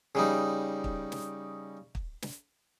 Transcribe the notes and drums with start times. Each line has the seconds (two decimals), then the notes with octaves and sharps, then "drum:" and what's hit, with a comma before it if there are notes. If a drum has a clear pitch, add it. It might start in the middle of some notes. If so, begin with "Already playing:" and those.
0.15 C#3 G3 D#4
0.84 drum: kick
1.12 drum: snare
1.95 drum: kick
2.22 drum: snare